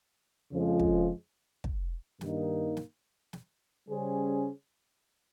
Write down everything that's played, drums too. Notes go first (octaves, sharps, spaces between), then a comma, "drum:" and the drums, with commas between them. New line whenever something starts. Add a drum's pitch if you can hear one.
F2 C#3 F3 G#3
drum: kick
drum: kick
G2 D#3 A#3 D#4, drum: snare
drum: snare
drum: snare
C#3 G3 C#4 G#4 C5